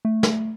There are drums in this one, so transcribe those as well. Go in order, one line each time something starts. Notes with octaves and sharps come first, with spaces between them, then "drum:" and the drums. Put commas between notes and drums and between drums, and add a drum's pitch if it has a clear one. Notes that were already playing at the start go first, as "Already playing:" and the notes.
A3
drum: snare